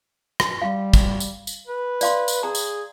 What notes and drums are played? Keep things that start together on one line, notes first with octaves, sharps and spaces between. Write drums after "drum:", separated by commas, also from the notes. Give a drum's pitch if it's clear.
drum: rim click
G3 F5
drum: kick, tambourine
drum: tambourine
drum: tambourine
B4
D5 F5 C6, drum: tambourine
drum: tambourine
G#4 A#5
drum: tambourine